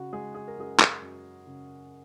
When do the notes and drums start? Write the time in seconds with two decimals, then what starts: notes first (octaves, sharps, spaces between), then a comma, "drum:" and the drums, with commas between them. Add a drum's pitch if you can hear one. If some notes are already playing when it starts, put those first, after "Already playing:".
Already playing: C#3 F#4
0.13 G#3 G#4
0.35 G#4
0.48 A#4
0.57 F#2 G#4
0.79 drum: clap
1.02 F#2
1.47 C#3